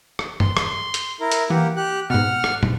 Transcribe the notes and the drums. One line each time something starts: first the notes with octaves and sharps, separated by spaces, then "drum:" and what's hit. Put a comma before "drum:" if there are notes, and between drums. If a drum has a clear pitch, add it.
drum: rim click
C6, drum: tom G2
drum: rim click
drum: hi-hat
E4 A#4
drum: hi-hat
E3 A#3 G4 F#5
G4 F#6
G#2 B2 F#5 F6
drum: rim click
drum: tom